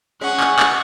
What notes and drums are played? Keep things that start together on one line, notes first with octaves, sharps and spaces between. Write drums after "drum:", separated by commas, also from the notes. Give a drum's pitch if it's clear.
G#3 C#4 F#5 C#6
drum: clap
drum: clap